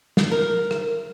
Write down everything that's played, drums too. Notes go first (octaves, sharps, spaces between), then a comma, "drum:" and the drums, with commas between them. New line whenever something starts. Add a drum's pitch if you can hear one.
drum: snare
A#4
drum: rim click